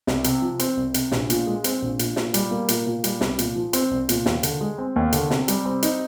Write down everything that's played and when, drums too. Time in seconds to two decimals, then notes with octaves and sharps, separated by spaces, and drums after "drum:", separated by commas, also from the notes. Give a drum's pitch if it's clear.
0.07 C2, drum: snare
0.24 C3, drum: hi-hat
0.42 F3
0.59 C4, drum: hi-hat
0.77 C2
0.94 C3, drum: hi-hat
1.12 A#1, drum: snare
1.30 A#2, drum: hi-hat
1.47 G#3
1.64 C4, drum: hi-hat
1.82 A#1
1.99 A#2, drum: hi-hat
2.16 A#2, drum: snare
2.34 G3, drum: hi-hat
2.51 A#3
2.69 A#2, drum: hi-hat
2.86 A#2
3.04 G3, drum: hi-hat
3.21 C2, drum: snare
3.39 A#2, drum: hi-hat
3.56 F3
3.73 C4, drum: hi-hat
3.91 C2
4.09 A#2, drum: hi-hat
4.26 D#2, drum: snare
4.43 D3, drum: hi-hat
4.61 G#3
4.78 C4
4.96 D#2
5.12 D3, drum: hi-hat
5.30 C3, drum: snare
5.48 G3, drum: hi-hat
5.65 C4
5.83 D#4, drum: hi-hat